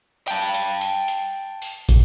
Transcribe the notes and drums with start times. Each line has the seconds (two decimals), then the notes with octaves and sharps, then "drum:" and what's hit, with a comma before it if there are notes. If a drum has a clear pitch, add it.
0.28 G5 A5, drum: hi-hat
0.54 drum: hi-hat
0.81 drum: hi-hat
1.08 drum: hi-hat
1.62 drum: open hi-hat
1.89 drum: kick, hi-hat